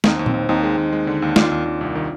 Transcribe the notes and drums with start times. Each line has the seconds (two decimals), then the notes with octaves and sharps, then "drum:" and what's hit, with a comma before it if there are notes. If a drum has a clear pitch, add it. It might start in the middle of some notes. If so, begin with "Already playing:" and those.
0.04 D#2 C4 D#4, drum: snare
0.19 D#2
0.26 C4, drum: tom A#2
0.34 D#2
0.49 D#2 C4 D#4
0.63 G#3
0.78 D#2
0.92 G#3
1.07 D3
1.22 D#2
1.36 D#2 D4 F4, drum: snare
1.51 D#2
1.65 D#2
1.81 C2
1.95 D#3